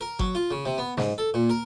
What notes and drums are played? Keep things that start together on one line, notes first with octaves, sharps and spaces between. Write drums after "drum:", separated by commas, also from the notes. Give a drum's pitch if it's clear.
A#4
F#3, drum: kick G1
F4
C#3
C3
B3
G#2, drum: snare
A4
A#2
A#4